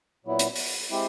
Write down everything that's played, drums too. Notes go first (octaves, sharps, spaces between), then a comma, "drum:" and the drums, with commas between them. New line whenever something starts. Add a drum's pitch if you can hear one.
A#2 F#3 B3 E4
drum: hi-hat
drum: open hi-hat
G#3 C4 E4 G4